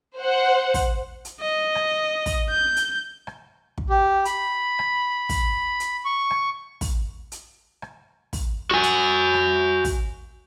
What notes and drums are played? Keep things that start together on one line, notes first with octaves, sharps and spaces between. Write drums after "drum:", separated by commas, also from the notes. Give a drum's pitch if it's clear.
C5 F#5
drum: kick, open hi-hat
drum: hi-hat
D#5
drum: rim click
drum: kick, open hi-hat
G6
drum: hi-hat
drum: rim click
drum: kick
G4
B5, drum: hi-hat
drum: rim click
drum: kick, open hi-hat
drum: hi-hat
C#6
drum: rim click
drum: kick, open hi-hat
drum: hi-hat
drum: rim click
drum: kick, open hi-hat
F#4 G#5
drum: hi-hat
drum: rim click
drum: kick, open hi-hat